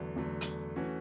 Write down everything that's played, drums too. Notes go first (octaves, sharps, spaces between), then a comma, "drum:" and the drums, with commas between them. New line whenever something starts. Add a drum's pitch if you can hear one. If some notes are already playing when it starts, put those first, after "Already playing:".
Already playing: E2 D3 F#3 A3
E2 D3 F#3 A3
drum: hi-hat
E3 A3 C#4 F#4